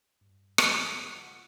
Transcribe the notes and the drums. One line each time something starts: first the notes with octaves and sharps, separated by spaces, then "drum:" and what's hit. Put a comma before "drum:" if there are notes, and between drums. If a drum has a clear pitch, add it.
G2
drum: rim click
G3 F4 F#4
C#3 F#5 B6